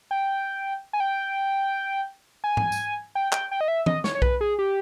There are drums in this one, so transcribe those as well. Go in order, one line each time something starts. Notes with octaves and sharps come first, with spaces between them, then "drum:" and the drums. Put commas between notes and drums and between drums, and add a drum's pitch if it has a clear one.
G5
G#5
G5
G#5
drum: tom G#2
drum: tambourine
G5
G5, drum: clap
G5
D#5
E5
D#5, drum: tom E3
C#5, drum: snare
C#5
B4, drum: kick B1
G#4
G4